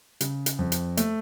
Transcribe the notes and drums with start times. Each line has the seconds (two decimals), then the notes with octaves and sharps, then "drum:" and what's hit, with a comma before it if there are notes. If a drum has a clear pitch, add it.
0.21 C#3, drum: hi-hat
0.46 drum: hi-hat
0.59 F2
0.72 drum: hi-hat
0.97 A3, drum: hi-hat